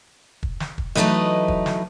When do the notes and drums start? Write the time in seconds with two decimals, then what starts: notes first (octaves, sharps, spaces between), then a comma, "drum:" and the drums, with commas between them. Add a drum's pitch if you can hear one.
0.43 drum: kick
0.60 drum: snare
0.78 drum: kick
0.95 E3 F#3 A3 D#4 B4 D#5, drum: snare
1.48 drum: kick
1.66 drum: snare